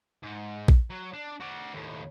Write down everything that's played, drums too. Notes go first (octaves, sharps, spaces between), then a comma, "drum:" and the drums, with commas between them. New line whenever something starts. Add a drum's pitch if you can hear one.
G#2
drum: kick A#1
F#3
D4
F#4 D5
D#2 A2